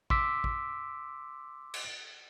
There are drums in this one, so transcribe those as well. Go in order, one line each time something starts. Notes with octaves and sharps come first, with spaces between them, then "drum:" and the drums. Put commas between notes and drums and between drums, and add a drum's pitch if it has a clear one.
C6 D6 E6 B6, drum: kick A1
drum: kick A1
drum: cymbal